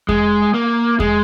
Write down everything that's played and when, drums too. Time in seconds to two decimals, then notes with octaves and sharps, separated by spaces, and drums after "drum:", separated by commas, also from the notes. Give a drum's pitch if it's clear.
0.09 G#3, drum: kick E2
0.54 A#3
1.00 G#3, drum: kick E2